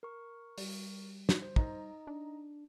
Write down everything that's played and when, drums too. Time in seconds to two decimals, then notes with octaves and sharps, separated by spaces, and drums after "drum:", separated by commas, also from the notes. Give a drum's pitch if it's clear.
0.03 A#4 C#6
0.58 G3, drum: open hi-hat
1.29 drum: snare
1.42 C5
1.56 D#4 D#5 A#5, drum: kick
2.07 D4